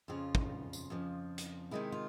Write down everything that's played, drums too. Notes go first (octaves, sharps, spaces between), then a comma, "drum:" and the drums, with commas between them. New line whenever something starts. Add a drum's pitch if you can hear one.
F2 C#3 F3 F4
drum: kick
drum: tambourine
F2 C#3 F3
drum: hi-hat
C3 D#3 G#3 E4
F4